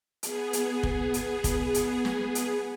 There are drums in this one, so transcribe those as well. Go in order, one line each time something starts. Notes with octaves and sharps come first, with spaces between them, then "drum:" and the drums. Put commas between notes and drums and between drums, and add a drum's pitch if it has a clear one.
B3 G#4, drum: hi-hat
drum: hi-hat
drum: kick
drum: hi-hat
drum: kick, hi-hat
drum: hi-hat
drum: snare
drum: hi-hat